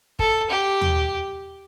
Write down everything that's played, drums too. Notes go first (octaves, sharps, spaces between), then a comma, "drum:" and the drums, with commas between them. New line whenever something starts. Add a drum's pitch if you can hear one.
A4, drum: kick
G4
drum: tom D#2